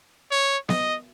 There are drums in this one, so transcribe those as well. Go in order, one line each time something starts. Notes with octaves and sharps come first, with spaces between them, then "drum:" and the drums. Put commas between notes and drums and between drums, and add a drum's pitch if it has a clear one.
C#5
D#5, drum: snare B3